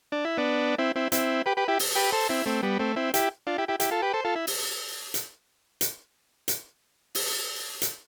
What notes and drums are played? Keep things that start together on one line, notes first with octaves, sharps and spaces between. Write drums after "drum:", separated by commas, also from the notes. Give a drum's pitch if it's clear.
D4
E4
B3 D4
C4 E4
C4 E4
C4 E4, drum: hi-hat
G4 B4
G4 B4
E4 G4
drum: open hi-hat
G4 B4
A4 C5
C4 E4
A3 C4
G3 B3
A3 C4
C4 E4
E4 G4, drum: hi-hat
D4 F4
E4 G4
E4 G4
E4 G4, drum: hi-hat
F4 A4
G4 B4
A4 C5
F4 A4
E4
drum: open hi-hat
drum: hi-hat
drum: hi-hat
drum: hi-hat
drum: open hi-hat
drum: hi-hat